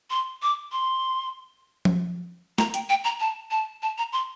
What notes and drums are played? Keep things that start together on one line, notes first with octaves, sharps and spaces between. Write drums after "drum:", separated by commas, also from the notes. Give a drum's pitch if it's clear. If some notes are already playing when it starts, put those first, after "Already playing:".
C6
D6
C6
drum: tom F3
A#5, drum: snare
G5, drum: hi-hat
G5
A#5
A5
A5
A5
A#5
C6